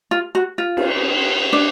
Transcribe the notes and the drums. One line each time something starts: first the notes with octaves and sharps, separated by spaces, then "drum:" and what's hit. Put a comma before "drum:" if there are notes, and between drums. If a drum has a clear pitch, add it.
F4
F#4
F4
drum: cymbal
D4